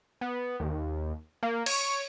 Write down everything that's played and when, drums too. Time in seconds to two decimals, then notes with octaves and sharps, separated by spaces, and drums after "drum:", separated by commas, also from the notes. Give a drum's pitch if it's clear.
0.21 B3
0.60 D#2
1.43 A#3
1.66 C#5, drum: cymbal